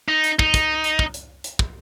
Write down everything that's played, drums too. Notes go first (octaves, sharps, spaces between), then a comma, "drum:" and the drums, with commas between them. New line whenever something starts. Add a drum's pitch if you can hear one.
D#4
drum: hi-hat
D#4, drum: kick
drum: kick, hi-hat
drum: hi-hat
drum: kick
drum: hi-hat
drum: hi-hat
drum: kick